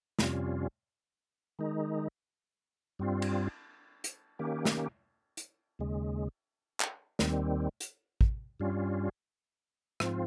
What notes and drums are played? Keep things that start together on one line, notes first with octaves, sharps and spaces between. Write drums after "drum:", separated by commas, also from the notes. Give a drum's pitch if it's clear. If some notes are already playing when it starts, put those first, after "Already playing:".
F2 C3 G3 C#4 F4, drum: snare
D#3 G#3 D#4
G2 G3 C4 F4
drum: cymbal
drum: hi-hat
D#3 A#3 C#4 G4
drum: snare
drum: hi-hat
D#2 C#3 G#3
drum: clap
D#2 D#3 G3 C4, drum: snare
drum: hi-hat
drum: kick
G2 G3 C#4 F4
G#2 F3 C4 F4, drum: rim click